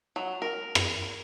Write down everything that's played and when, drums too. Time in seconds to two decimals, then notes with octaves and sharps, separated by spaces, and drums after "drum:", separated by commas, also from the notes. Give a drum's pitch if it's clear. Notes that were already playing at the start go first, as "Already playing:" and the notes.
0.16 F#3
0.42 A#4
0.75 drum: rim click